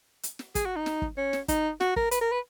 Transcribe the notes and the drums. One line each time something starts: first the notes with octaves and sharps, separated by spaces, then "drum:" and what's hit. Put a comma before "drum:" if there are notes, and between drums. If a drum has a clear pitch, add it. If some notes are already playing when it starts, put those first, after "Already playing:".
drum: hi-hat
drum: snare
G#4, drum: kick, hi-hat
F#4
D#4
drum: snare
drum: kick
C#4
drum: snare
D#4, drum: kick, hi-hat
F#4, drum: snare
A#4, drum: kick
B4, drum: hi-hat
A#4
B4